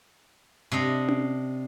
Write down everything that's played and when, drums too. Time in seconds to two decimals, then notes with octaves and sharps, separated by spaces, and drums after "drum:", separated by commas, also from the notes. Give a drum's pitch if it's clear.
0.72 C3 D4 D#5
1.09 drum: tom C#4